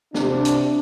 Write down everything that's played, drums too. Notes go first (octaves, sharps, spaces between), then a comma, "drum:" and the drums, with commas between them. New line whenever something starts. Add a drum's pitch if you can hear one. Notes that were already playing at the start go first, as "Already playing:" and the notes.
C3 D4, drum: snare
drum: hi-hat